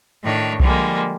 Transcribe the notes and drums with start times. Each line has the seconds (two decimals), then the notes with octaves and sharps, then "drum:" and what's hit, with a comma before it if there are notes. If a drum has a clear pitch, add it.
0.24 A2 D#3 D4 C#5
0.60 D3 F3 G3 G#3 A#3, drum: kick B1